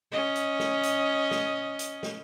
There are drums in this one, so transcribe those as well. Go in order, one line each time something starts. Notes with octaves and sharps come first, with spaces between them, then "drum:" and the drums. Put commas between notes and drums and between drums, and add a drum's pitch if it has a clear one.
C#4 D#5
drum: hi-hat
drum: snare
drum: hi-hat
drum: snare
drum: hi-hat
drum: snare